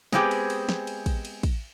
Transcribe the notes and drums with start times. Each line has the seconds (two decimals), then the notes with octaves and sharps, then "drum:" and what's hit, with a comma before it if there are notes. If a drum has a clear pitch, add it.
0.12 G#3 B3 C4 D#4 G4 G#4, drum: snare
0.31 drum: cymbal
0.50 drum: cymbal
0.69 drum: snare
0.87 drum: cymbal
1.06 drum: kick, cymbal
1.25 drum: cymbal
1.43 drum: kick, cymbal